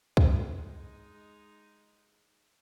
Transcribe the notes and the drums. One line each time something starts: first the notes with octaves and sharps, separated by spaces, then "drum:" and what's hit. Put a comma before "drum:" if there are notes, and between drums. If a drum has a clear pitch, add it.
G#3 D#4, drum: kick